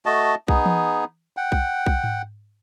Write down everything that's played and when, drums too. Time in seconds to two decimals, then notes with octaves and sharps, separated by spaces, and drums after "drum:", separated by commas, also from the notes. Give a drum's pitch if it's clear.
0.06 A3 F#4 D#5 A5
0.48 B3 D#4 G#4, drum: kick B1
0.66 drum: tom E3
1.37 F#5 G5
1.52 drum: kick B1
1.86 drum: kick B1
2.04 drum: tom G#2